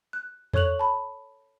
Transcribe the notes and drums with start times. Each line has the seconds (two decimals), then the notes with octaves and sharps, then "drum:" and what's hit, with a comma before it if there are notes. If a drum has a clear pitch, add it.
0.13 F#6
0.53 A4 C#5 C#6 F#6 F7 F#7, drum: tom E2
0.79 A5 B5